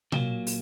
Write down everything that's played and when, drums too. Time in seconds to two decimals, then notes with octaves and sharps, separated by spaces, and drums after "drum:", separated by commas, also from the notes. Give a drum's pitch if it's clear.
0.12 A#2 F#3 A#3, drum: tom B2
0.47 drum: open hi-hat